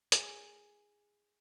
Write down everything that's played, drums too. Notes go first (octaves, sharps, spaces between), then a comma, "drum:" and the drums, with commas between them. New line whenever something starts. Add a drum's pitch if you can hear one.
G#4, drum: hi-hat